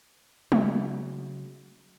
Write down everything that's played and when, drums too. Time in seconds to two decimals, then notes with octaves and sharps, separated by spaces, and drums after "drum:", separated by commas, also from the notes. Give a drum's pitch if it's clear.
0.52 C#3 F#3, drum: tom G3